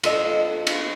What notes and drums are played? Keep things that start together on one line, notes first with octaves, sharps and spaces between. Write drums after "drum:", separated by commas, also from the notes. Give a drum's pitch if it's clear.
F4 A4 D#5, drum: cymbal
drum: cymbal